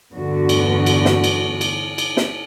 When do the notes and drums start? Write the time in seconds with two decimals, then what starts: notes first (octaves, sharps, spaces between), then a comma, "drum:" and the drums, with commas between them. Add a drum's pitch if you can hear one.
0.12 E2 G2 D3 A3 B3 F#4
0.49 drum: cymbal
0.86 drum: cymbal
1.05 drum: snare
1.24 drum: cymbal
1.61 drum: cymbal
1.98 drum: cymbal
2.17 drum: snare